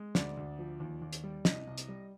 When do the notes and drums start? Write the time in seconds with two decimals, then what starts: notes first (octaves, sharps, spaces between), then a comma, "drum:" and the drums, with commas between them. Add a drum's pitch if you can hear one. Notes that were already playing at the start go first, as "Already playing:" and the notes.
Already playing: G#3
0.15 D2 D5, drum: snare
0.37 D2
0.59 F3
0.80 D#2
1.02 D#2
1.13 drum: hi-hat
1.23 G3
1.45 C2 D#5, drum: snare
1.67 C2
1.78 drum: hi-hat
1.88 G3